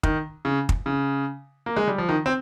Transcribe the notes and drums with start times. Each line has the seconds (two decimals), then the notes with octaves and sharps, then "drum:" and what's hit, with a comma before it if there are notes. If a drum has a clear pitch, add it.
0.03 D#3, drum: kick
0.45 C#3
0.69 drum: kick
0.86 C#3
1.66 A#3
1.76 G#3
1.88 G3
1.98 F3
2.09 D#3
2.26 C4